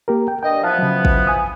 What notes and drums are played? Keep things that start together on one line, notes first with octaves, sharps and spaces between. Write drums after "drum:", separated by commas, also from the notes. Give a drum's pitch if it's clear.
A#3 G4 A#4
G5
G2 D#5 G5
E3 F3 B3 F5 A5
C#3 F#3
drum: kick
G#5 D#6